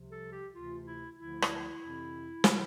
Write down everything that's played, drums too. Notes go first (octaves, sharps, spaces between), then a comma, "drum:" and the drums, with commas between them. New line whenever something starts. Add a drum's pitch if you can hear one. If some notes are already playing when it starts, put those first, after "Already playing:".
Already playing: C2 C3 F3
A4
G4
D2 C3 E3 F4
E4
D2 D3 F3 E4
drum: rim click
F2 C3 E3
C3 E3, drum: snare